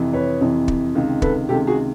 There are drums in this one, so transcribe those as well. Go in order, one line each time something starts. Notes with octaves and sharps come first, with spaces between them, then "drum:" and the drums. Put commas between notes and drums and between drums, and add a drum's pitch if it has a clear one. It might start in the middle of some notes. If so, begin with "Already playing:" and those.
Already playing: F2 C3 E3
B4 C#5
F2 C3 E3
drum: kick
C#2 C3 D#3
A4 B4, drum: kick
C#2 C3 D#3 G4 A4
F#4 G#4